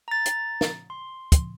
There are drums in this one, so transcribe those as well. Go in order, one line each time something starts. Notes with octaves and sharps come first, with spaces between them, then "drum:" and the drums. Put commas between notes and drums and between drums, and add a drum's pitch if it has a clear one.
A#5 A6
drum: hi-hat
drum: snare
C6
drum: kick, hi-hat